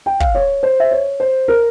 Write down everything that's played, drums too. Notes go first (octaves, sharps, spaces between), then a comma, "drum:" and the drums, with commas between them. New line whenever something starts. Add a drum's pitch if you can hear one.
G5
F5, drum: kick
C#5
C5
E5
C#5
C5
A#4